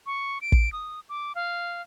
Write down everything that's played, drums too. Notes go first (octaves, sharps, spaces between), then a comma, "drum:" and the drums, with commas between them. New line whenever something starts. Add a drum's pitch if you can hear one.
C#6
D7
drum: kick
D#6
D6
F5